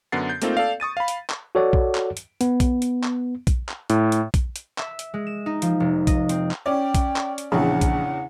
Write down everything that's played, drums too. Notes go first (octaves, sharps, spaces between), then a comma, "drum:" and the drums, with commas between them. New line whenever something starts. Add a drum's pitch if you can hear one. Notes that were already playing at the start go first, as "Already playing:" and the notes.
F#2 D3 B3 F#5 A6 C7
G6
A3 A#3 C4 D#4 F4 A4, drum: hi-hat
A4 D5 F5
C#6 D#6 A6 D#7
F5 B5
drum: hi-hat
drum: clap
F#4 A4 C#5 D5 F#5
drum: kick A#1
drum: clap
drum: hi-hat
B3, drum: hi-hat
drum: kick A#1, hi-hat
drum: hi-hat
drum: clap
drum: kick A#1, hi-hat
drum: clap
A2, drum: hi-hat
drum: hi-hat
drum: kick A#1, hi-hat
drum: hi-hat
E5, drum: clap
drum: hi-hat
G#3
E7
D#4
F3, drum: hi-hat
F1
D#5, drum: kick A#1, hi-hat
C4, drum: hi-hat
drum: clap
C#4 D5 G5
drum: kick A#1, hi-hat
drum: clap
drum: hi-hat
A#1 E2 C#3 F#5
drum: kick A#1, hi-hat